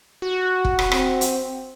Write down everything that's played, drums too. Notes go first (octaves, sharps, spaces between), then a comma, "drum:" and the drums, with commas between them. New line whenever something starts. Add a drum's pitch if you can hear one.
F#4
drum: kick
drum: rim click
C4, drum: rim click
drum: hi-hat